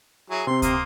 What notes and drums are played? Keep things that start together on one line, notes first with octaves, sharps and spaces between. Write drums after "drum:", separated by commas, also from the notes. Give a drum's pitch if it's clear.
F#3 E4 G#4
C3 C4 C6
A#3 C5 D#6, drum: kick C#2, hi-hat